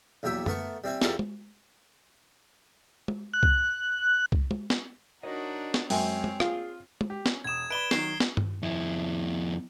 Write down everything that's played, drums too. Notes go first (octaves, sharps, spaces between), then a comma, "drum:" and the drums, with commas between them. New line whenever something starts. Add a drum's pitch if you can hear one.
A#1 E2 F#3 G4 E5
A3 B3 A#4 C#6, drum: tom F#2
G3 C4 E4 G#5
E2 G3 F4 A4 A#5 C6, drum: snare
drum: tom G#3
drum: tom G#3
F#6
drum: kick C2
drum: kick C2
drum: tom G#3
drum: snare
D4 D#4 F#4 A#4 C#5 D#5
drum: snare
F#2 G#3 C4 C#5 G5 G#5, drum: open hi-hat
drum: tom G#3
F4 G#4, drum: rim click
drum: tom G#3
G4
C#4, drum: snare
E1 D#6 G#6 E7
B4 D5 B5 D7 G7
D#3 F#3 D#4 C7, drum: snare
drum: snare
drum: tom G2
F2 E4